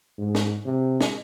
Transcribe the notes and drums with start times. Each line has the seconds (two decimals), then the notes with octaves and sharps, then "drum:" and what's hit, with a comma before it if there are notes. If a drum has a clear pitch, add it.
0.18 G#2
0.35 drum: snare
0.66 C3
1.01 drum: snare